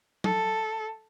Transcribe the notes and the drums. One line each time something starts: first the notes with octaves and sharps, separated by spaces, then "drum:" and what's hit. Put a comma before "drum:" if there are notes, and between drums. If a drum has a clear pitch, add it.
A4, drum: tom F#3